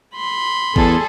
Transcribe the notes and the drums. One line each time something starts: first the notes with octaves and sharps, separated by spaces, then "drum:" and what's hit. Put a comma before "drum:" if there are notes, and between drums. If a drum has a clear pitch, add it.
B5 C6
E2 G3 G#4 A4, drum: kick G#1